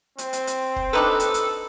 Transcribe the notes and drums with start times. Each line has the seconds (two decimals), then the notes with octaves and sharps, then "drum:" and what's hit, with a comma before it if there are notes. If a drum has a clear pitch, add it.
0.18 C4, drum: hi-hat
0.33 drum: hi-hat
0.47 drum: hi-hat
0.76 drum: kick
0.93 D4 D#4 A4 B4
1.20 drum: hi-hat
1.34 drum: hi-hat